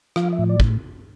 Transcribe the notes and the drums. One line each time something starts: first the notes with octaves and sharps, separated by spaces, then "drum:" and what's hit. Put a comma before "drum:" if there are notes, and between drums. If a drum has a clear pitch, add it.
F3 F5, drum: rim click
E5
A2
D5
drum: kick